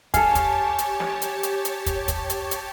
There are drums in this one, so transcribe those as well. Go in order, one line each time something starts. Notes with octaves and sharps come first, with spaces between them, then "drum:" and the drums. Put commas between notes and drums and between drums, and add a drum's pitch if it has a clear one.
G4 A4 C#5 F5 G#5 A5, drum: kick, hi-hat
drum: kick, hi-hat
drum: hi-hat
drum: snare
drum: hi-hat
drum: hi-hat
drum: hi-hat
drum: kick, hi-hat
drum: kick, hi-hat
drum: hi-hat
drum: hi-hat